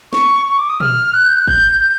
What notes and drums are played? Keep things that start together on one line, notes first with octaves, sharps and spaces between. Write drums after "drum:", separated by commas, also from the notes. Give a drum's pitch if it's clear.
C#6, drum: snare
C#6
D6
D#6
F6, drum: tom
F#6
G6
F#6
G6, drum: kick
G6